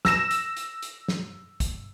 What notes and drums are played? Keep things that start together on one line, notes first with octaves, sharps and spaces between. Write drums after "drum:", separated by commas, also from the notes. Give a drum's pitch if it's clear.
E6 A#6 E7, drum: snare
drum: hi-hat
drum: hi-hat
drum: hi-hat
drum: snare
drum: kick, hi-hat